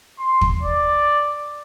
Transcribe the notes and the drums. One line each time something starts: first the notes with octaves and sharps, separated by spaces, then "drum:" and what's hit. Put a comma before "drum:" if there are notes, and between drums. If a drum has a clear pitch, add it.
C6
drum: kick
D5